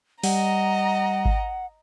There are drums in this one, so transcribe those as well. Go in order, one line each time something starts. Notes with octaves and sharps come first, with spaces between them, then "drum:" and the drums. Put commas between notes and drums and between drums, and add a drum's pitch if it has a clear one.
G3 D#5 F#5 A#5, drum: open hi-hat
drum: kick G#1